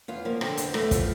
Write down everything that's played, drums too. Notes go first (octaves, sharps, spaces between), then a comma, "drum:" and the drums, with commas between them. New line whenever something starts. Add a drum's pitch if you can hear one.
E2 F4
F3 A#3
D3 C4, drum: rim click
E2, drum: hi-hat
E2 A3, drum: rim click
F3, drum: kick, hi-hat